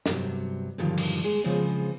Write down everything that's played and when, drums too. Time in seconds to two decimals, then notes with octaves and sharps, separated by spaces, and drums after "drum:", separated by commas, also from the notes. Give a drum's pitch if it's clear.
0.06 G2 C3 F#3, drum: snare
0.78 G2 A#2 D3 D#3 F3 F#3
0.97 drum: cymbal
1.24 G#3
1.44 C#3 F3 G#3 B3 C4